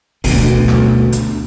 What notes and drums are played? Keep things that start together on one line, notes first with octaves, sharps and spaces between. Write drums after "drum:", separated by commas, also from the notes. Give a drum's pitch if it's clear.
D2 B2, drum: kick F1, open hi-hat
drum: snare
drum: hi-hat